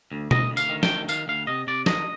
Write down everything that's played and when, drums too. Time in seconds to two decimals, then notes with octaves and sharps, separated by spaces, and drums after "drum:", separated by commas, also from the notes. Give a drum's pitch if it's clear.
0.12 D2
0.31 D2 D#5, drum: tom B2
0.50 D2
0.57 F5, drum: tambourine
0.69 D#3
0.83 G5, drum: snare
0.90 D2
1.09 D#3 F5, drum: tambourine
1.28 D2 F5
1.47 C3 D#5
1.67 C3 D5
1.86 D#3 D#5, drum: snare